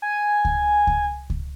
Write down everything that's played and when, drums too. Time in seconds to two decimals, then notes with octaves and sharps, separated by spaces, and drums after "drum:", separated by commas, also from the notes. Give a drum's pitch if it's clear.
0.02 G#5
0.45 drum: kick C#2
0.87 drum: kick C#2
1.30 drum: kick C#2